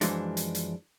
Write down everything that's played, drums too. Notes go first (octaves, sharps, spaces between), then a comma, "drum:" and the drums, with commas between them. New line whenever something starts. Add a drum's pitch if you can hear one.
F#2 E3 F3 G#3 D4, drum: hi-hat
drum: hi-hat
drum: hi-hat